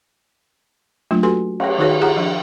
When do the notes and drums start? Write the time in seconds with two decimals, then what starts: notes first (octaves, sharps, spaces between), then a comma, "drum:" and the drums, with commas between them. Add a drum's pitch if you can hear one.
1.11 F#3 A3 A#3 D4 F4
1.23 F#4 G4 A4 B4 G#5 C6
1.60 C#4 C#5, drum: cymbal
1.78 D#3 D#4 F#4 G#4 B4 C#5
2.01 E4 F4 G4 G#4 F#5 A#5
2.17 F3 D4